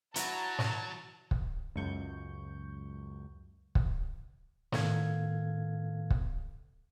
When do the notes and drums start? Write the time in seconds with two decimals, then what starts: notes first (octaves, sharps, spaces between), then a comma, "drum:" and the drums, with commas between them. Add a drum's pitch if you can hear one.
0.16 F#3 E4 F#4 A5 A#5, drum: hi-hat
0.59 drum: snare
1.31 drum: kick
1.76 C#2 F#2 C#6 G6
3.75 drum: kick
4.72 A2 D#3 B3 A4 F5 G#6, drum: snare
6.11 drum: kick